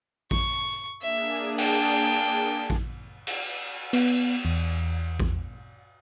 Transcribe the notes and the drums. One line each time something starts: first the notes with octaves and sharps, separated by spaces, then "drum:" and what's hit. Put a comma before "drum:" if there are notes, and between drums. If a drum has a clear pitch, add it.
C#6, drum: kick A1
A#3 D4 G#4 E5
G5 A5, drum: cymbal
drum: kick A1
drum: cymbal
B3, drum: cymbal
E2
drum: kick A1